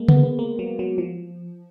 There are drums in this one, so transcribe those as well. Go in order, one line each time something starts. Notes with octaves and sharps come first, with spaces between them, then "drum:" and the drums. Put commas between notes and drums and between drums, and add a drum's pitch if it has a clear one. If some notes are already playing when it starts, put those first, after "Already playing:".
Already playing: G#3 A#3
B3, drum: tom C#3
B3
A#3
F#3
F#3
F3